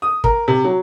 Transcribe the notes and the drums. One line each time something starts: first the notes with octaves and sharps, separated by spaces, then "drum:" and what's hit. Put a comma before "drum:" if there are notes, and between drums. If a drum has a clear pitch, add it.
D#6
A#4, drum: kick
C3
F#3